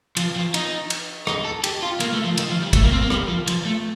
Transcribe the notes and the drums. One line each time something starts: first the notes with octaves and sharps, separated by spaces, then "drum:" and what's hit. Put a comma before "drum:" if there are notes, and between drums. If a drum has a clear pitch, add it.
F3, drum: cymbal
F3
D#4, drum: cymbal
drum: cymbal
D#4, drum: rim click
A4
G4, drum: cymbal
F4
A#3, drum: cymbal
A3
F3
D#3, drum: cymbal
F3
G3
A3, drum: kick, cymbal
A#3
C4
A#3
G3, drum: rim click
F3
F3, drum: cymbal
A3